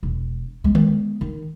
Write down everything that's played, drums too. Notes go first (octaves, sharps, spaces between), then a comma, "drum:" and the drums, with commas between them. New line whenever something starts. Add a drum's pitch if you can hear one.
E1
G#3 B3
drum: tom D3
D#3